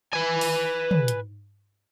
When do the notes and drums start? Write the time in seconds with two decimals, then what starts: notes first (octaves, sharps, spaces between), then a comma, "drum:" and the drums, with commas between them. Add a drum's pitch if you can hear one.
0.14 B4 G#5
0.41 drum: open hi-hat
0.91 drum: tom
1.08 drum: hi-hat